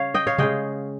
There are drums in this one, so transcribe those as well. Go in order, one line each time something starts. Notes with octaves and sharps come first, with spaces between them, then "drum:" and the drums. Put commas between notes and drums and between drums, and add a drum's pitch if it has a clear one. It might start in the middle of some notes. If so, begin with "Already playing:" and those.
Already playing: C#3 C#5 F5
D#5 G5
C#5 F5
C#3 G#3 D#5 G5, drum: tom C3